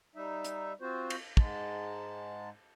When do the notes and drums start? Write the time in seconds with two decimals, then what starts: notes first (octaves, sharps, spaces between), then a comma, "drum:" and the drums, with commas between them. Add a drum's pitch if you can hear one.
0.15 G3 D#4 E5
0.44 drum: hi-hat
0.81 C4 F4 F#4 C5
1.10 drum: cymbal
1.37 G#2 G#3 A5, drum: kick